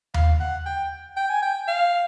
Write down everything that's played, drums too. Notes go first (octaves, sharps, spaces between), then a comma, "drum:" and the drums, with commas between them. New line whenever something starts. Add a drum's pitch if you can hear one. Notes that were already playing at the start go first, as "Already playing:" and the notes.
F5, drum: tom D#2
F#5
G5
G5
G#5
G5
F5